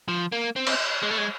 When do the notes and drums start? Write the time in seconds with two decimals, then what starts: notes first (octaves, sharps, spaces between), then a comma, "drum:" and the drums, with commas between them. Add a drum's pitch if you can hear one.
0.08 F3
0.32 A#3
0.56 C4
0.67 drum: cymbal
1.03 G#3
1.11 A3
1.18 G#3